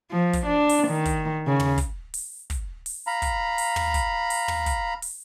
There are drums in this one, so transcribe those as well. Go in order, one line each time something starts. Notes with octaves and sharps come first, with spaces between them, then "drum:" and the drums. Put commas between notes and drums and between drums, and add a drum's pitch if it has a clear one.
F3
drum: kick, hi-hat
D4
drum: open hi-hat
D#3
drum: kick, hi-hat
C#3
drum: tom
drum: kick, hi-hat
drum: open hi-hat
drum: kick, hi-hat
drum: open hi-hat
F5 A#5 B5
drum: kick, hi-hat
drum: open hi-hat
drum: tom
drum: kick, hi-hat
drum: open hi-hat
drum: tom
drum: kick, hi-hat
drum: open hi-hat